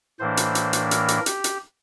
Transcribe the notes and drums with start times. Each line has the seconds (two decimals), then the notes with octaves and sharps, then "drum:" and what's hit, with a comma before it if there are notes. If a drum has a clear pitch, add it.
0.19 A2 E3 A#3 D4 C5
0.37 drum: hi-hat
0.55 drum: hi-hat
0.73 drum: hi-hat
0.91 A#4, drum: hi-hat
1.08 drum: hi-hat
1.26 G4, drum: hi-hat
1.44 drum: hi-hat